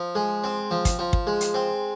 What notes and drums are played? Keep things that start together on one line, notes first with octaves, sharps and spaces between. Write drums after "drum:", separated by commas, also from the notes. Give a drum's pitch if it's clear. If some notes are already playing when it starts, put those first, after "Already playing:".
Already playing: F3
G#3
C4
F3
drum: kick, hi-hat
F3
drum: kick
G#3
drum: hi-hat
C4